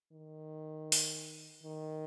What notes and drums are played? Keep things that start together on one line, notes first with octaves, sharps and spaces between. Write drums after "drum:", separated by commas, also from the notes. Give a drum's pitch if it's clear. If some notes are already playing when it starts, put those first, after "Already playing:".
D#3
drum: open hi-hat
D#3